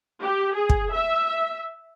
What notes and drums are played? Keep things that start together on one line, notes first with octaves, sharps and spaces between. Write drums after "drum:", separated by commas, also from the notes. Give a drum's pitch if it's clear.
G4
G#4
drum: kick
E5